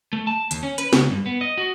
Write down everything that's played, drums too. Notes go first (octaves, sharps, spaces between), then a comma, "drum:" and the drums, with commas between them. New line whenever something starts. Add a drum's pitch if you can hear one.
A3
A5
D#2, drum: hi-hat
C#4
B4, drum: hi-hat
C#2, drum: snare
G2
B3
D#5
F#4